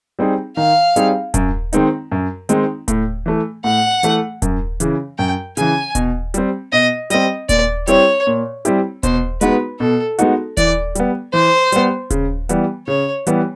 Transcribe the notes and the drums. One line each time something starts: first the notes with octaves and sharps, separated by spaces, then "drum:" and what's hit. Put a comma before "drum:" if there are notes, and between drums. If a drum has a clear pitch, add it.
G3 C4 D#4 G#4
D#3 F5
G3 C4 D#4 G#4, drum: hi-hat
F#2, drum: kick D#1, hi-hat
D#3 G#3 C4 D#4, drum: hi-hat
F#2
D#3 G#3 C4 D#4, drum: hi-hat
A2, drum: kick D#1, hi-hat
E3 A3
A2 F#5
E3 A3, drum: hi-hat
F#2, drum: kick D#1, hi-hat
C#3 E3, drum: hi-hat
F#2 G5
C#3 E3 G#5, drum: hi-hat
B2, drum: kick D#1, hi-hat
G3 C4, drum: hi-hat
B2 D#5
G3 C4 D#5, drum: hi-hat
A#2 D5, drum: kick D#1, hi-hat
G3 C4 E4 G4 C#5, drum: hi-hat
A#2
G3 C4 E4 G4, drum: hi-hat
B2 C5, drum: kick D#1, hi-hat
G#3 B3 D#4 F#4 B4, drum: hi-hat
B2 A4
G#3 B3 D#4 F#4, drum: hi-hat
E3 D5, drum: kick D#1, hi-hat
G3 B3, drum: hi-hat
E3 C5
G3 B3, drum: hi-hat
C#3, drum: kick D#1, hi-hat
E3 G3 B3, drum: hi-hat
C#3 C#5
E3 G3 B3, drum: hi-hat